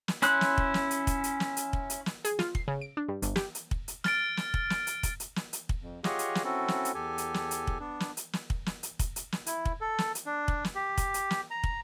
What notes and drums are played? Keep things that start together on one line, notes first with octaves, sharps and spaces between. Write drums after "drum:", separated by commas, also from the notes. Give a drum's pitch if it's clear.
drum: snare
C#4 E4 C6 F#6, drum: hi-hat
drum: snare
drum: kick
drum: snare
drum: hi-hat
drum: kick, hi-hat
drum: hi-hat
drum: snare
drum: hi-hat
drum: kick
drum: hi-hat
drum: snare
G#4, drum: hi-hat
F4, drum: snare
C7, drum: kick
C#3
D7
D4
G2
G1, drum: hi-hat
G4, drum: snare
drum: hi-hat
drum: kick
drum: hi-hat
F6 A6 D7, drum: snare
drum: snare
drum: kick
drum: snare
drum: hi-hat
drum: kick, hi-hat
drum: hi-hat
drum: snare
drum: hi-hat
drum: kick
F2
F4 G4 G#4 C#5 D#5 F#5, drum: snare
drum: hi-hat
drum: snare
C4 C#4 E4 F#4 A4
drum: snare
drum: hi-hat
E2 G4 A4 G#5
drum: hi-hat
drum: snare
drum: hi-hat
drum: kick
B3 D4
drum: snare
drum: hi-hat
drum: snare
drum: kick
drum: snare
drum: hi-hat
drum: kick, hi-hat
drum: hi-hat
drum: snare
E4, drum: hi-hat
drum: kick
A4
drum: snare
drum: hi-hat
D4
drum: kick
drum: snare
G4
drum: kick, hi-hat
drum: hi-hat
drum: snare
A#5
drum: kick